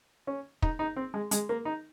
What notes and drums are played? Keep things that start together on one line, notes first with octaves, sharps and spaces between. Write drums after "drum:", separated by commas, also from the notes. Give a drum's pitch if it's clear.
C#4
D#4, drum: kick
D#4
C4
G#3
G#3, drum: hi-hat
A#3
D#4